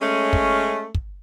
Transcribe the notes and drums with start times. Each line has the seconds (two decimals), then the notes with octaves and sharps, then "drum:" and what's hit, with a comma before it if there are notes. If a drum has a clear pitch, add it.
0.02 G#3 A3 C#4
0.33 drum: kick
0.94 drum: kick